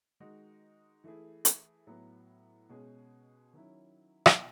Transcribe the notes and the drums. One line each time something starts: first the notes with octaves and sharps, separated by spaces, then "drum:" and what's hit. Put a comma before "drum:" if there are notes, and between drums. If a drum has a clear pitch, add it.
D#3 G#3 D#4 F#4
E3 A3 E4 G#4
drum: hi-hat
A2 F#3 B3
B2 G#3 C#4 G#4
D#3 F#3 C#4 E4
drum: rim click
B2